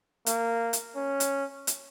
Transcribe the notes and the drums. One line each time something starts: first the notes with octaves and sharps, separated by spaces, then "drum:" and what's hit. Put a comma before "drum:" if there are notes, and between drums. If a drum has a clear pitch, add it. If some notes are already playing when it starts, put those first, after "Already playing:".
A#3, drum: hi-hat
drum: hi-hat
C#4
drum: hi-hat
drum: hi-hat